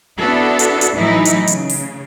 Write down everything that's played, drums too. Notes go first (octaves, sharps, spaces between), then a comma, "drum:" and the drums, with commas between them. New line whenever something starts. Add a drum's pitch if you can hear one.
B3 D4 E4 F#4 A4
drum: hi-hat
drum: hi-hat
A2 E3 F#3 A3 D#4 E4
drum: hi-hat
C#3, drum: hi-hat
drum: open hi-hat